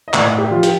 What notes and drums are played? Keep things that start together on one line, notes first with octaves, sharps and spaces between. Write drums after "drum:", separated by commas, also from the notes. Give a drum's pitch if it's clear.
D#5
A2 D5, drum: clap
G4
F3 F4
G4, drum: hi-hat